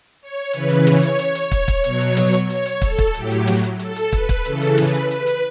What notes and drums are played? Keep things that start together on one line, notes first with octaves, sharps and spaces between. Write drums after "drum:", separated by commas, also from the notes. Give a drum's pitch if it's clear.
C#5
C#3 E3 B4, drum: hi-hat
drum: hi-hat
C#5, drum: snare
drum: hi-hat
drum: hi-hat
drum: hi-hat
drum: kick, hi-hat
drum: kick, hi-hat
B2 F#3, drum: hi-hat
drum: hi-hat
drum: snare
drum: hi-hat
C#5, drum: hi-hat
drum: hi-hat
A4, drum: kick, hi-hat
drum: kick, hi-hat
A2 F#3 G4, drum: hi-hat
drum: hi-hat
drum: snare
drum: hi-hat
A4, drum: hi-hat
drum: hi-hat
B4, drum: kick, hi-hat
drum: kick, hi-hat
C#3 E3 A4, drum: hi-hat
drum: hi-hat
B4, drum: snare
drum: hi-hat
B4, drum: hi-hat
drum: hi-hat